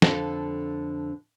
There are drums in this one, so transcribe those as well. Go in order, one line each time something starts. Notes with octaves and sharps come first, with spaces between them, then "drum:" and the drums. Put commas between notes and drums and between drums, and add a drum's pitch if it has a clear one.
F2 D3 A4, drum: snare